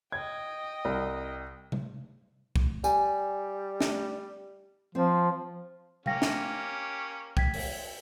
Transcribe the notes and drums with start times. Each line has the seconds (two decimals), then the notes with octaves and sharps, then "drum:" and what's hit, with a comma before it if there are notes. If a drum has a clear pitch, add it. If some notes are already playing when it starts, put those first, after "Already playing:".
0.12 D#5 G5 G#6
0.85 C2
1.72 drum: tom C3
2.56 drum: kick
2.84 G3 G#5, drum: tambourine
3.81 drum: snare
4.95 F3 C4
6.06 A#3 C#4 G4 F5 G5 A#6, drum: tom C3
6.22 drum: snare
7.37 G5 G#6 B6, drum: kick
7.54 drum: open hi-hat